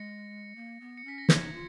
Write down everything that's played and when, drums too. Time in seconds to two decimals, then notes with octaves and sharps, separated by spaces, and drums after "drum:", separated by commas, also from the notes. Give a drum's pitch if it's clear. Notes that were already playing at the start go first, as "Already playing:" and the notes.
Already playing: G#3 A#6 C#7
0.56 A#3
0.80 B3
0.97 C#7
1.05 C#4 B6
1.18 A#6
1.29 D#4 G#6, drum: snare
1.53 F4